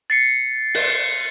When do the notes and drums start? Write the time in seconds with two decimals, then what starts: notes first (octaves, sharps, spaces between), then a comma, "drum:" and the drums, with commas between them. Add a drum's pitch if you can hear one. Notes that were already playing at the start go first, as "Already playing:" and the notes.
0.10 A6 C7 C#7
0.74 drum: open hi-hat